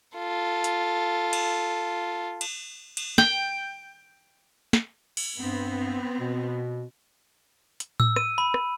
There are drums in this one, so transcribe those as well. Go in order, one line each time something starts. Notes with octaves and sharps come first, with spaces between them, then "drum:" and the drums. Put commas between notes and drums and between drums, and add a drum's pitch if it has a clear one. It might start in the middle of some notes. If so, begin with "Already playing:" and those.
F4 A4
drum: hi-hat
drum: cymbal
drum: cymbal
drum: cymbal
G5, drum: snare
drum: snare
drum: cymbal
G2 B3 C4
B2
drum: hi-hat
E6, drum: tom A2
D#7, drum: rim click
B5
drum: rim click